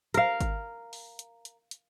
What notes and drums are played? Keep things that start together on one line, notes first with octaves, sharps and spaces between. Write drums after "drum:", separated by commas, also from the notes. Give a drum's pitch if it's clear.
A#4 F5, drum: hi-hat
drum: kick G#1, hi-hat
drum: open hi-hat
drum: hi-hat
drum: hi-hat
drum: hi-hat